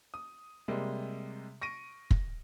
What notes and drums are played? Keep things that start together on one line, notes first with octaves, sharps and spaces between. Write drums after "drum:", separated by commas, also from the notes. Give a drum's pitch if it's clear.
D#6
C3 G3 G#3 A#3
C#6 A#6 D7 D#7
drum: kick